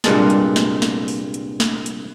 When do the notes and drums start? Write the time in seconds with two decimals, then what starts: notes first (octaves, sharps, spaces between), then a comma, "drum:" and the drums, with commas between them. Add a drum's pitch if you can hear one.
0.04 C2 G2 A#2 G#3 A5, drum: snare
0.30 drum: hi-hat
0.56 drum: snare
0.82 drum: snare
1.08 drum: open hi-hat
1.34 drum: hi-hat
1.60 drum: snare
1.86 drum: hi-hat